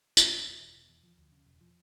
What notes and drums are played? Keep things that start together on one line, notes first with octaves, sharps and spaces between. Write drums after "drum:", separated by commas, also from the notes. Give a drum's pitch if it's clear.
E1, drum: tambourine
E2
B2
E1
E1
E2
F3
D2
C#3
E1
F3